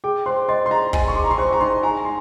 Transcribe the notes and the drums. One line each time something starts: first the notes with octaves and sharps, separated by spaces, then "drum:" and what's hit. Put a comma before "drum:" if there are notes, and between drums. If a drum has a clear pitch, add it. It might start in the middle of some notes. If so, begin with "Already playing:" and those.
G#4 G5
C5 C6
D#5 C6
C6
D#5 A#5
D#5 G#5, drum: kick
C#6
G#4 C6
A#5
C6
C5 C#6
A#5
D#4 C6
G#5 A#5
C6